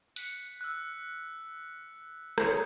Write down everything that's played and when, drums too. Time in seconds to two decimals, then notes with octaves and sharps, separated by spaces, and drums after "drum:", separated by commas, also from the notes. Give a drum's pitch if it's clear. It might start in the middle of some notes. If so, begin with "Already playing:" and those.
0.16 F#6 B6 C#7, drum: hi-hat
0.61 E6 F#6
2.38 E4 G#4 C#5, drum: rim click